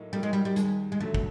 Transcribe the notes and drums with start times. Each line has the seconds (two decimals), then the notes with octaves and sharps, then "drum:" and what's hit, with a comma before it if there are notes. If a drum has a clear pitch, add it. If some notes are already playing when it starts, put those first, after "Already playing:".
Already playing: A2 F#3 A#3 D#4
0.12 F#3 G3 A#3 D#4
0.23 G#3
0.33 G3
0.45 G3
0.56 D#2 G#3, drum: hi-hat
0.92 G#3
1.00 D3 F#3 A3
1.15 drum: kick